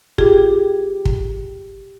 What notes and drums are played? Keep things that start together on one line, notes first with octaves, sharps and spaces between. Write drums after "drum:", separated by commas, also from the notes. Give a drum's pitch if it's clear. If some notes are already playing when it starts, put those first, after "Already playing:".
F4 G4 G#4, drum: kick
drum: kick